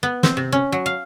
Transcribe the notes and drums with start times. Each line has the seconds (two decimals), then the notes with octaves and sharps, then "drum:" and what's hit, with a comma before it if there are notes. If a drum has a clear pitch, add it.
0.03 B3
0.23 C4, drum: snare
0.37 C3
0.52 C#4
0.72 F#3
0.86 F5